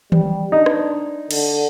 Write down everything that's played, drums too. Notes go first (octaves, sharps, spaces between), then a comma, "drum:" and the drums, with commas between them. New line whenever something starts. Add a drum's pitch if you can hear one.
G3, drum: tom D#3
D4 D#4
drum: rim click
D3, drum: cymbal